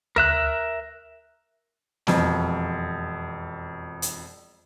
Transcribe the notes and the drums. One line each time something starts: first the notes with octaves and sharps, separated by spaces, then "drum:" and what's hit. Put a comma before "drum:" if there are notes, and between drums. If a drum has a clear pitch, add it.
A#4 E5 F#6, drum: tom D2
E1 F2, drum: snare
drum: hi-hat